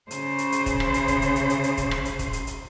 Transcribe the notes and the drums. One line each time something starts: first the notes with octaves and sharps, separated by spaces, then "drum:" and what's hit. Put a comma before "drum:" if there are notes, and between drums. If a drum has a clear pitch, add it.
C#3 C5, drum: hi-hat
drum: hi-hat
drum: hi-hat
drum: kick, hi-hat
drum: rim click
drum: hi-hat
drum: kick, hi-hat
drum: hi-hat
drum: hi-hat
drum: hi-hat
drum: hi-hat
drum: kick, hi-hat
drum: rim click
drum: hi-hat
drum: kick, hi-hat
drum: hi-hat
drum: hi-hat